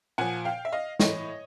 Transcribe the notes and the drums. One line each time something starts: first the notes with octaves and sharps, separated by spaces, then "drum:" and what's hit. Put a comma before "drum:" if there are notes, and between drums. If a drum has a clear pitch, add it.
A#2 F3 F#5 G#5
F5 G5
E5
D#5 F5
A2 E3 C#5 D#5, drum: snare